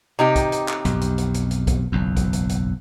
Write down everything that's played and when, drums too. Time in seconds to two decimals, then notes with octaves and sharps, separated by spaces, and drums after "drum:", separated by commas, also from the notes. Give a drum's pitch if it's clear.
0.19 C3 D#4 G4
0.36 drum: kick, hi-hat
0.52 drum: hi-hat
0.69 drum: clap
0.85 B1 F2, drum: kick, hi-hat
1.01 drum: hi-hat
1.18 drum: hi-hat
1.34 drum: hi-hat
1.51 drum: hi-hat
1.67 drum: kick, hi-hat
1.92 F#1 B1 E2
2.17 drum: kick, hi-hat
2.33 drum: hi-hat
2.49 drum: hi-hat